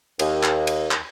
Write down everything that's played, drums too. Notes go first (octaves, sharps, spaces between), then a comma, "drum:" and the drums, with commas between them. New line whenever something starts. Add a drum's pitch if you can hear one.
D#2, drum: cymbal
drum: clap
drum: cymbal
drum: clap